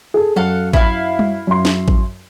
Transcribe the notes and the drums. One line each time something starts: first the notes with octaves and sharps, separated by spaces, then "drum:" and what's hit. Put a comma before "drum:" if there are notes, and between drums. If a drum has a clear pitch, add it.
G#4 A4
F#2 A4 F5 F#5
E4 F5, drum: kick A1
drum: tom G3
F#2 C6
drum: snare
drum: kick A1